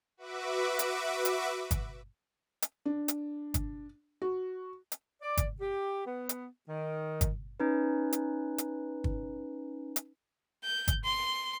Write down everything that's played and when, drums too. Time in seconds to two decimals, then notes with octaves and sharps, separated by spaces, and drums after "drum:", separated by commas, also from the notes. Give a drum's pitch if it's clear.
0.17 F#4 B4 E5 D6
0.79 drum: hi-hat
1.25 drum: hi-hat
1.71 drum: kick, hi-hat
2.62 drum: hi-hat
2.86 D4
3.08 drum: hi-hat
3.54 drum: kick, hi-hat
4.22 F#4
4.92 drum: hi-hat
5.21 D5
5.37 drum: kick, hi-hat
5.60 G4
6.06 B3
6.29 drum: hi-hat
6.69 D#3
7.21 drum: kick, hi-hat
7.60 C#4 D#4 B4
8.13 drum: hi-hat
8.58 drum: hi-hat
9.04 drum: kick
9.96 drum: hi-hat
10.64 G6
10.88 drum: kick, hi-hat
11.04 C6